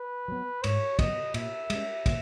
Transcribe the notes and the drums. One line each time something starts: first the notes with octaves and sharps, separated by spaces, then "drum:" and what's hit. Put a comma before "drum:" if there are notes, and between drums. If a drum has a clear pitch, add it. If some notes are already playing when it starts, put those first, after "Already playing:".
Already playing: B4
F#3 B3
G#2 C#5, drum: cymbal
F#3 B3 D#5, drum: kick, cymbal
A#2 E5, drum: cymbal
G#3 C#4, drum: cymbal
A#2, drum: kick, cymbal